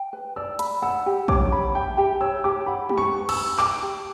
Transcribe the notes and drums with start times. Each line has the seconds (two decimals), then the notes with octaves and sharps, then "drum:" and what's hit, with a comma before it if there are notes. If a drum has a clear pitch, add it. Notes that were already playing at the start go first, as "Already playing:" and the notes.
Already playing: G5
0.13 B4
0.36 D5 E6
0.59 B5, drum: hi-hat
0.82 F#5 E6
1.06 G4
1.28 C#5 D6, drum: kick
1.52 B5
1.75 E5 G5
1.97 G4 G5
2.21 C#5 E6
2.44 G4 D6
2.66 F#5 B5
2.89 G4, drum: tom
2.98 C#6
3.13 B4
3.29 E6, drum: cymbal
3.37 B5
3.59 G5 D6, drum: clap
3.82 G4